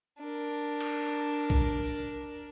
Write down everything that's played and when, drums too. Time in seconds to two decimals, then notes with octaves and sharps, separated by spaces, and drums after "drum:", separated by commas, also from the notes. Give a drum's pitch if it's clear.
0.18 D4 A#4
0.80 drum: cymbal
1.50 drum: kick B1